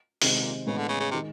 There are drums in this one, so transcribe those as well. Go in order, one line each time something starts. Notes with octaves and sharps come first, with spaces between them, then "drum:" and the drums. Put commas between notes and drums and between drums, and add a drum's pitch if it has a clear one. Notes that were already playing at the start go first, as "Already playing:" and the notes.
C3 D#3 G#3 C4, drum: open hi-hat
A2
B2
A#2
A2 C#3 E3 G#3 B3
D3
C#3
C#3
C3 D#3 G#3